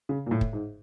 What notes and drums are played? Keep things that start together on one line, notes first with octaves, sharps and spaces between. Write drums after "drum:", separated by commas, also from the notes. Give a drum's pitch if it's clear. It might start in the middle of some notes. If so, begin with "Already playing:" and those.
C#3
A#2
A2
drum: kick
G#2